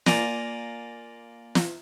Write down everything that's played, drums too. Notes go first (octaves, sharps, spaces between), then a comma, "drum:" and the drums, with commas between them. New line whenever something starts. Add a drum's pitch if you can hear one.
A#3 F4 D5 G#5 A#5, drum: snare
drum: snare